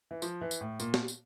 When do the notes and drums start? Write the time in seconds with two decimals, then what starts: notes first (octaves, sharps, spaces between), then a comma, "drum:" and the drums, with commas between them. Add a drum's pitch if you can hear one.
0.11 E3
0.22 F3, drum: tambourine
0.41 E3
0.51 drum: tambourine
0.61 A2
0.80 A#2, drum: tambourine
0.94 drum: snare
1.08 drum: tambourine